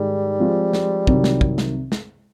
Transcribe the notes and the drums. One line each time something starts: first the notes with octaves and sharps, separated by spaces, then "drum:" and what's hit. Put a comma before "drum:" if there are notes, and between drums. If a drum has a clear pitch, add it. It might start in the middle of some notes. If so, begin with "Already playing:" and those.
Already playing: G#2 D#3 G3 G#3
F3 G#3 C4 F4
drum: snare
C2 C3 D#3 F#3, drum: kick
drum: snare
drum: kick
drum: snare
drum: snare